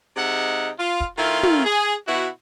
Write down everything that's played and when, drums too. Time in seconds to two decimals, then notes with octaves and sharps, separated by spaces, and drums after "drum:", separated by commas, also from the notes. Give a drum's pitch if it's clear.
0.17 C3 G#3 D#4 E5 F#5
0.79 F4
1.00 drum: kick
1.18 D#3 A3 E4 F4
1.43 drum: tom
1.65 G#4
2.07 B2 E4 F#4